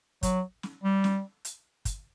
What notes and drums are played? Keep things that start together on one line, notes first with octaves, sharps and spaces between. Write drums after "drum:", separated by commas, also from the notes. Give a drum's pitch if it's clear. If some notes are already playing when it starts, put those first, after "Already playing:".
F#3, drum: kick, hi-hat
drum: snare
G3
drum: snare
drum: hi-hat
drum: kick, hi-hat